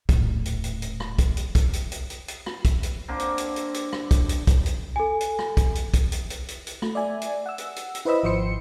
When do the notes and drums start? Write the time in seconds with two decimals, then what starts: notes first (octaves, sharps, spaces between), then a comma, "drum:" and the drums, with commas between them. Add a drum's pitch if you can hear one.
0.09 D#1 A2, drum: kick, hi-hat
0.45 drum: hi-hat
0.64 drum: hi-hat
0.82 drum: hi-hat
1.00 drum: rim click
1.18 drum: kick, hi-hat
1.37 drum: hi-hat
1.55 drum: kick, hi-hat
1.73 drum: hi-hat
1.92 drum: hi-hat
2.10 drum: hi-hat
2.28 drum: hi-hat
2.46 drum: rim click
2.65 drum: kick, hi-hat
2.83 drum: hi-hat
3.08 D3 A#3 C4
3.19 drum: hi-hat
3.38 drum: hi-hat
3.56 drum: hi-hat
3.74 drum: hi-hat
3.93 drum: rim click
4.11 drum: kick, hi-hat
4.29 drum: hi-hat
4.47 drum: kick, hi-hat
4.66 drum: hi-hat
4.96 A4 G#5
5.20 drum: hi-hat
5.39 drum: rim click
5.57 drum: kick, hi-hat
5.75 drum: hi-hat
5.94 drum: kick, hi-hat
6.12 drum: hi-hat
6.30 drum: hi-hat
6.48 drum: hi-hat
6.67 drum: hi-hat
6.82 A3, drum: rim click
6.95 D5 E5 G#5
7.21 drum: hi-hat
7.46 F#5 E6
7.58 drum: hi-hat
7.76 drum: hi-hat
7.95 drum: hi-hat
8.05 E4 B4 C5 D#5 B5 E6
8.23 G#1 F3 C5 C6 C#7